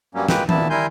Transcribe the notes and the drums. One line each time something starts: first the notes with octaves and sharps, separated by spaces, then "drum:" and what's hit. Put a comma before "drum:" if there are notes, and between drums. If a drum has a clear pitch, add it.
G2 F#3 G3 A#3 C#4
G#3 A#3 B4 G5, drum: snare
D2 A#2 B3 E4 A5, drum: tom D#3
G3 E4 A#4 G#5 C6 G6